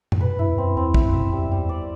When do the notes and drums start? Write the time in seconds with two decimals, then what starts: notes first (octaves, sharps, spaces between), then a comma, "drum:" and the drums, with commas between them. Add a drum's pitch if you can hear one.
0.12 A2, drum: tom F#2
0.20 B2 B4
0.39 G2 E4
0.49 E2
0.58 F#2 C4
0.77 E2 C4
0.94 E2 E5, drum: kick
1.04 F#2
1.13 B2 E5
1.23 F#2
1.32 E2 G3
1.45 F#2
1.52 G3
1.57 E2
1.69 D5